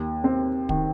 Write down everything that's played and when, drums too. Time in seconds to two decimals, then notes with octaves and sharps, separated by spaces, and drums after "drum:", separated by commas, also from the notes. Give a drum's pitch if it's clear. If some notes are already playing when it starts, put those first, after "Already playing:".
Already playing: D#2
0.24 C4
0.69 D#3, drum: kick